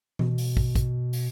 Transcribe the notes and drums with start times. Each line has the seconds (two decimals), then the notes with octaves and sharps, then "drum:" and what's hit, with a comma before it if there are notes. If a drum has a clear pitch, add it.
0.19 B2, drum: tom E3
0.38 drum: open hi-hat
0.57 drum: kick
0.75 drum: kick, hi-hat
1.13 drum: open hi-hat